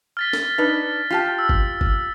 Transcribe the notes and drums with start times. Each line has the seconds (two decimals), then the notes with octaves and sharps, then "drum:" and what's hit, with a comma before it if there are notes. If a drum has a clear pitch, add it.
0.17 F6 A6 B6
0.33 drum: snare
0.58 D4 D#4 B4
1.11 F4 G4 A5
1.39 E6
1.49 drum: kick G1
1.81 drum: kick G1